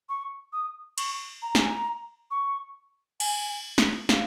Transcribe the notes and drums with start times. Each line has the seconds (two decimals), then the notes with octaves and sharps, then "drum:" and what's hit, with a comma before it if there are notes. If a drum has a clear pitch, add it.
0.09 C#6
0.53 D#6
0.98 C#6, drum: cymbal
1.42 A#5
1.55 G#5, drum: snare
1.68 A#5
2.31 C#6
3.20 G#5, drum: cymbal
3.78 drum: snare
4.09 F5, drum: snare